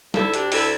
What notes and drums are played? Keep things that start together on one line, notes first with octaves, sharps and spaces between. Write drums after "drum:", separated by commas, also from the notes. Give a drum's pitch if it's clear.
D2 E4 A4, drum: snare
D4 G4, drum: hi-hat
D2 E4 A4, drum: open hi-hat